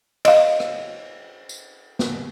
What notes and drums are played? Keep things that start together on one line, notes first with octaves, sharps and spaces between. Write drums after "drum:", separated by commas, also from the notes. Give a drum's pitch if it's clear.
D#5 F5, drum: cymbal
drum: rim click
drum: tambourine
drum: snare